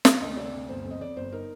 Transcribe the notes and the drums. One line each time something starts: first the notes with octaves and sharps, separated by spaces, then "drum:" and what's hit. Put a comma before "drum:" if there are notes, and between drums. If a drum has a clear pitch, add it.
C3 F5, drum: snare
D2 D#5
C3 D5
D2
G1 C5
F2
D#5
F2 D5
G1 C5
D#4 A#4